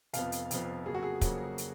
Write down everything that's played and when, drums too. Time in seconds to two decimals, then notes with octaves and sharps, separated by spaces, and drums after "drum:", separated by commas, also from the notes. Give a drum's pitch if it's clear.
0.13 F1 F2 F3 B3 F5, drum: hi-hat
0.32 drum: hi-hat
0.51 F1 F2 F3 B3, drum: hi-hat
0.86 F2 C#3 F#3 A#3 G#4
0.95 F#4
1.03 G#4
1.21 F2 C#3 F#3 A#3, drum: kick, hi-hat
1.58 drum: hi-hat